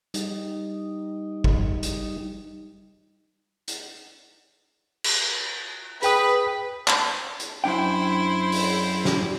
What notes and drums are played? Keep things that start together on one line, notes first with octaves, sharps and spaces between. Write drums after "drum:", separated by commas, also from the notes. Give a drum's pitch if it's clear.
G3 D#4, drum: hi-hat
drum: kick
drum: hi-hat
drum: hi-hat
drum: cymbal
G#4 B4 G5 D#6, drum: hi-hat
drum: clap
drum: hi-hat
F#2 D4 E4 C5 G5
drum: open hi-hat
drum: snare